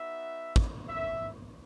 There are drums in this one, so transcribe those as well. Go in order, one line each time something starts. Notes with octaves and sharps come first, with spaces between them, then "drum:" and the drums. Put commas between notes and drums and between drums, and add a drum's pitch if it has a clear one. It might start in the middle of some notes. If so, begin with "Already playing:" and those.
Already playing: B3 D#4 F#4 E5
drum: kick
E5